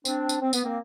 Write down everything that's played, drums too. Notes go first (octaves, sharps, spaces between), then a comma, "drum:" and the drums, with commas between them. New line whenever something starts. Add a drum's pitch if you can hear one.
C4 D4, drum: tambourine
drum: tambourine
C4
B3, drum: tambourine
A#3 C4